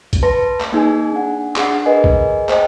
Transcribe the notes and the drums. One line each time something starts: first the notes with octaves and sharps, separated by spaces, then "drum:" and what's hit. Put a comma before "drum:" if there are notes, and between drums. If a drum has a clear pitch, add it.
drum: kick, hi-hat
B4 A5 C6 A#6
drum: clap
A#3 D#4 G#4 G#5
D4 F#5
D4 G#4 F#5 C7, drum: clap
G#4 A#4 B4 D#5 G#5
drum: kick
C5 D#5 G5 A5, drum: clap